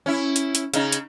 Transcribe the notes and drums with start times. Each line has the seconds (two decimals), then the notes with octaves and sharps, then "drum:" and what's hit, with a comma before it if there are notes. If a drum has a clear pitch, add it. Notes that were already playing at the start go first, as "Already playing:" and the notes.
0.06 C#4 E4
0.36 drum: hi-hat
0.55 drum: hi-hat
0.74 C#3 D#4, drum: hi-hat
0.92 drum: hi-hat